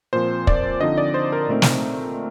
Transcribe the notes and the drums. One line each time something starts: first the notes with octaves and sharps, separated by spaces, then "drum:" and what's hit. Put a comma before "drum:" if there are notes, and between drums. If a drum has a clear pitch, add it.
A#2 F3 C4 C5
D5, drum: kick
D3 F3 C4 D#4 D#5
D5
C5
A#4
A#2 A3 C4 D#4
drum: snare